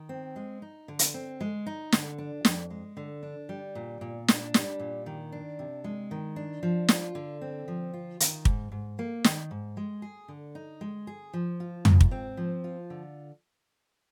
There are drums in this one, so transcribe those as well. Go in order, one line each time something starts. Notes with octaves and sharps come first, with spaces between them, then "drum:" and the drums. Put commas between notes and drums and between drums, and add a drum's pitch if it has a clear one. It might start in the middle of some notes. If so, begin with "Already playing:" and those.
Already playing: D#3
C4
G#3
D#4
D3
drum: hi-hat
C4
G#3
D#4
D3, drum: snare
D4
F2, drum: snare
G#3
D3
D4
G3
A#2
A#2
D4, drum: snare
G3, drum: snare
A#2
D#3
D4
C3
G#3
D#3
D4
F3
F4, drum: snare
D3
C4
F3
F4
D#3, drum: hi-hat
G#2, drum: kick
G#2
A#3
D#3, drum: snare
G#2
G#3
G#4
D3
D#4
G#3
G#4
F3
F4
G#2, drum: tom
drum: kick
C4
F3
F4
D3